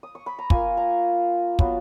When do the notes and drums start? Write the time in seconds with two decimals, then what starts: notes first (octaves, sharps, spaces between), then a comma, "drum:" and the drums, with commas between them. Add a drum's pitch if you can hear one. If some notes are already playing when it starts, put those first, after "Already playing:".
0.03 D#6
0.15 C#6
0.26 B5
0.39 A#5
0.50 A#3 F4 G#5, drum: kick
0.77 A#5
1.59 F#3 B3 F4, drum: kick